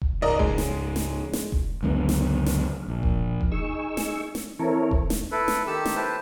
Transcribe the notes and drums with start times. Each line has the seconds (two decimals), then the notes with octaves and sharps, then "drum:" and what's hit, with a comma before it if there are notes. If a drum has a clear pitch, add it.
0.02 drum: kick E1
0.22 C#2 G#2 A#4 D5 D#5
0.39 G#3, drum: kick E1
0.58 drum: snare
0.96 drum: snare
1.33 drum: snare
1.52 drum: kick E1
1.83 C#2 F#2 D3 B3
2.09 drum: snare
2.46 drum: snare
2.88 A#1
3.03 drum: kick E1
3.41 drum: kick E1
3.52 D#4 G#4 C#6 E6
3.97 drum: snare
4.35 drum: snare
4.59 E3 C4 E4 A4 A#4 C#5
4.91 drum: kick E1
5.10 drum: snare
5.31 E4 A4 B4
5.48 drum: snare
5.67 D#3 G4 A4 A5 E6
5.86 drum: snare
5.96 E4 B4 C5 A5